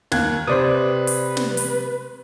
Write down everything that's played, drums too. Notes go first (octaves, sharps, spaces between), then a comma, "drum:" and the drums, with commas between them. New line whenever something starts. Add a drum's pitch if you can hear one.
D#2 F#6 G#6, drum: snare
C3 B4 C5 D5 D#6
drum: open hi-hat
drum: snare
drum: open hi-hat